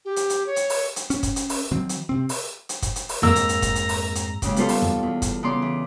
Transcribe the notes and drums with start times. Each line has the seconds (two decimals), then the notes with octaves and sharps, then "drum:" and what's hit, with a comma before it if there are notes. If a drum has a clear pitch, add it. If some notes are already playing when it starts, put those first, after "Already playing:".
0.05 G4
0.16 drum: hi-hat
0.30 drum: hi-hat
0.46 C#5
0.56 drum: hi-hat
0.70 drum: open hi-hat
0.96 drum: hi-hat
1.10 C#4, drum: hi-hat
1.23 drum: kick, hi-hat
1.36 drum: hi-hat
1.49 drum: open hi-hat
1.71 D#3 F3 F#3 C4
1.89 drum: hi-hat
2.09 C3 C4
2.29 drum: open hi-hat
2.69 drum: hi-hat
2.82 drum: kick, hi-hat
2.96 drum: hi-hat
3.09 drum: open hi-hat
3.23 F2 G#2 G#3 A#3 A#5 E6, drum: tom E2
3.36 drum: hi-hat
3.49 drum: hi-hat
3.62 drum: kick, hi-hat
3.75 drum: hi-hat
3.89 drum: open hi-hat
4.15 drum: hi-hat
4.42 D#2 C#3 G#3, drum: kick, hi-hat
4.56 G3 B3 F4 A4 C5 F5, drum: hi-hat
4.69 drum: open hi-hat
4.82 B2, drum: tom E2
5.03 E2
5.22 drum: kick, hi-hat
5.43 C#3 B3 D5 C6 D6
5.62 E3